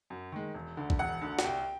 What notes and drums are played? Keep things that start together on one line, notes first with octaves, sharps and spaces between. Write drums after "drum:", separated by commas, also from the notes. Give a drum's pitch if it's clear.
F#2
D#3 G#3
E1
D2 D3
drum: kick A#1
E1 F#5
D2 D3
F#5, drum: snare
C2 G5